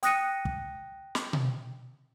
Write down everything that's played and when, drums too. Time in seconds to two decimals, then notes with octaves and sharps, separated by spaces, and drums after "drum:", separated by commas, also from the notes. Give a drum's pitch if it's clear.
0.03 G5 D#6 F#6 A#6 C#7 D#7, drum: hi-hat
0.45 drum: kick
1.15 drum: snare
1.33 drum: tom B2